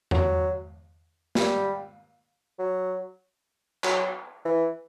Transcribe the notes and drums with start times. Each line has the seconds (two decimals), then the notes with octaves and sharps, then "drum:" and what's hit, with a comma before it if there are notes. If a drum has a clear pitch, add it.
0.11 F#3, drum: tom E2
1.35 G3, drum: snare
2.59 F#3
3.84 F#3, drum: clap
4.45 E3